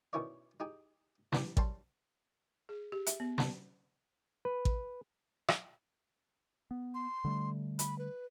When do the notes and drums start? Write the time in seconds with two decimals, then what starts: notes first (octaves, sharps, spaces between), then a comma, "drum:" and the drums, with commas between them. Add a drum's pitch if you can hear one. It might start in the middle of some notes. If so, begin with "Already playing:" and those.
0.13 B2 D#3 C#4 E4 C#5 D5
0.60 D#4 G4 G#4
1.32 E3 D4 G4, drum: snare
1.57 F#2 G3 A5 C6, drum: kick A1
2.69 G#4
2.92 G4
3.07 E5, drum: hi-hat
3.20 B3
3.38 A5, drum: snare
4.45 B4
4.65 drum: kick A1
5.48 drum: rim click
6.71 B3
6.94 C6
7.25 D3 G3 A3
7.79 B5, drum: hi-hat
7.99 B4